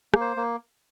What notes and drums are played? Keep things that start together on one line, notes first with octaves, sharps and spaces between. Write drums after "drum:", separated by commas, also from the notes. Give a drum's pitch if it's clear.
A#3, drum: rim click
C5
A#3